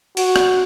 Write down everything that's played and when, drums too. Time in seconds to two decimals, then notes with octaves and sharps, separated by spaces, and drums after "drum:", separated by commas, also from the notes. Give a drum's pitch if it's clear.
0.17 F#4, drum: cymbal
0.36 drum: rim click